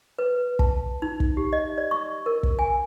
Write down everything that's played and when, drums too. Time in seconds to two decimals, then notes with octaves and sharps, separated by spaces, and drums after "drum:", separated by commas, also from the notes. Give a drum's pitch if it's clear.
0.19 B4
0.59 A5, drum: kick
1.02 D#4
1.20 drum: kick
1.37 G4
1.53 D#5
1.78 D5
1.91 C#6
2.26 A#4
2.43 drum: kick
2.59 G#5